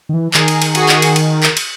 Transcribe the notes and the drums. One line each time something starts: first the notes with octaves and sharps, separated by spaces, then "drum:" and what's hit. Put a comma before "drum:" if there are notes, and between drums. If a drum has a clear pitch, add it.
D#3
E3
D#3 G#4 A#4, drum: clap
drum: cymbal
drum: cymbal
F#4 G#4, drum: cymbal
drum: clap
drum: cymbal
drum: cymbal
drum: clap
drum: cymbal